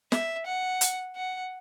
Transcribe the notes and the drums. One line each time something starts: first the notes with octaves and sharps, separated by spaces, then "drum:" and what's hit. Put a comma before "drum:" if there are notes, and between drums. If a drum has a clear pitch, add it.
E5, drum: snare
F#5
drum: hi-hat
F#5